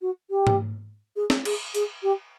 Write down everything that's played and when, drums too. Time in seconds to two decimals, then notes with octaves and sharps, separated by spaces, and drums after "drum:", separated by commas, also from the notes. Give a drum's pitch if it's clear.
0.02 F#4
0.30 G4
0.47 drum: tom G#2
1.16 G#4
1.30 drum: snare
1.45 G#4, drum: cymbal
1.75 G#4, drum: hi-hat
2.03 G4